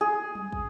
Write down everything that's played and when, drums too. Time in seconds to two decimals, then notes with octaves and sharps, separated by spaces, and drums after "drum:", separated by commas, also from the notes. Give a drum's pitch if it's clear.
0.01 G#4
0.35 drum: tom F#3
0.52 drum: kick